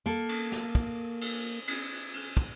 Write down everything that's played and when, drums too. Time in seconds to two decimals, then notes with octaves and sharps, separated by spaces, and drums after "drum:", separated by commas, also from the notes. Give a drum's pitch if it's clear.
0.06 A#3 A4
0.29 drum: cymbal
0.52 drum: snare
0.75 drum: kick
1.21 drum: cymbal
1.67 drum: cymbal
2.14 drum: cymbal
2.37 drum: kick